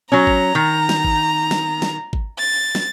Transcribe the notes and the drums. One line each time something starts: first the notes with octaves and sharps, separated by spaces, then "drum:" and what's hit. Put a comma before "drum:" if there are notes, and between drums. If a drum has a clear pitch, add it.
F#3 C#4 A#5
drum: kick G#1
D#3
drum: snare
drum: kick G#1
drum: snare
drum: snare
drum: kick G#1
A6
drum: snare